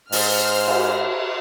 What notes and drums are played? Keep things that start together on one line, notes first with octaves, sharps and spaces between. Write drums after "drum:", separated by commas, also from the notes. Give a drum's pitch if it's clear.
G#2 C5 F6, drum: open hi-hat
drum: cymbal